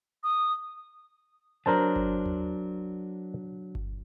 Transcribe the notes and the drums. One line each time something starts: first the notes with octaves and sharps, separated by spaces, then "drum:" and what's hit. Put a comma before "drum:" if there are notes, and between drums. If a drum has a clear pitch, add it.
D#6
F#3 D4 A#4 C5 A5
drum: kick G1
drum: tom D#2
drum: kick G1